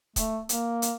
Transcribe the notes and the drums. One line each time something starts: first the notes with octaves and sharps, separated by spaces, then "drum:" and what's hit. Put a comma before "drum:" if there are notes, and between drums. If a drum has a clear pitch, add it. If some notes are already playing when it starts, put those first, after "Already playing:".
A3, drum: kick C#1, hi-hat
A#3, drum: hi-hat
drum: hi-hat